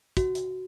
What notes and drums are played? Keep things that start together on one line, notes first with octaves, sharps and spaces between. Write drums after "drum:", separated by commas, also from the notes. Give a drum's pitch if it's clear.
F#4, drum: kick, hi-hat
drum: hi-hat